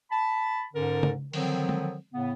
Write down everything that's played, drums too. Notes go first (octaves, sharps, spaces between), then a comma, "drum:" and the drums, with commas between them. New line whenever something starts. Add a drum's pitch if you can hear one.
A5 B5
G#2 D3 C#4 A4 A#4
drum: tom C#3
D3 D#3 F3 F#3 C4, drum: open hi-hat
drum: tom
A2 C#3 B3